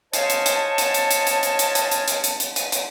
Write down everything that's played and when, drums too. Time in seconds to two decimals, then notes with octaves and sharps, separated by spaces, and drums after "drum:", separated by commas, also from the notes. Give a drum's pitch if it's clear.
0.13 C5 C#5 D#5 F5 G#5 A5, drum: hi-hat
0.30 drum: hi-hat
0.46 drum: hi-hat
0.78 drum: hi-hat
0.94 drum: hi-hat
1.11 drum: hi-hat
1.27 drum: hi-hat
1.43 drum: hi-hat
1.59 drum: hi-hat
1.75 drum: hi-hat
1.91 drum: hi-hat
2.08 drum: hi-hat
2.24 drum: hi-hat
2.40 drum: hi-hat
2.56 drum: hi-hat
2.72 drum: hi-hat